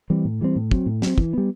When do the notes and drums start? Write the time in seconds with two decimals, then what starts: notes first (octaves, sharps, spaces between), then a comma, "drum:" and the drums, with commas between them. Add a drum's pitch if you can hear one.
0.10 E3 G3 C4
0.25 A2
0.41 E3 G3 C4
0.56 A2
0.71 F#3 C4, drum: kick
0.86 A2
1.02 F#3 C4, drum: snare
1.18 E3, drum: kick
1.33 G3 B3